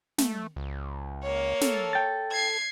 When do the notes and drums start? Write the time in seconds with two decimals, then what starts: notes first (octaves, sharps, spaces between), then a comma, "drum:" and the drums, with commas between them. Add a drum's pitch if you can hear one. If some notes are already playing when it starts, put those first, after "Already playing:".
0.18 A3, drum: snare
0.56 C#2
1.23 A#3 C#5
1.61 A4, drum: snare
1.93 G5 A6
2.32 G#6 C7